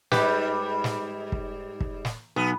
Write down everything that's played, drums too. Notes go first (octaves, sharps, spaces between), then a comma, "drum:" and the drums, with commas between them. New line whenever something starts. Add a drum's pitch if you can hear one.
G#2 G3 G4 B4, drum: snare
drum: snare
drum: kick
drum: kick
drum: snare
B1 B3